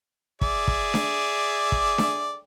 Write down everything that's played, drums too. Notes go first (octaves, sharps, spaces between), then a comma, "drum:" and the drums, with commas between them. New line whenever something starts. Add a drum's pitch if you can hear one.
G#4 D5 E5, drum: kick
drum: kick
drum: snare D4
drum: kick
drum: snare D4